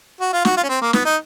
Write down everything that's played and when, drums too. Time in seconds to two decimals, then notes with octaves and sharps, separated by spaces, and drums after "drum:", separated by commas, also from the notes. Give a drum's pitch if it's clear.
0.21 F#4
0.33 F4
0.45 F#4, drum: snare
0.57 F4
0.63 C#4
0.69 C4
0.81 A#3
0.93 B3, drum: snare
1.05 D#4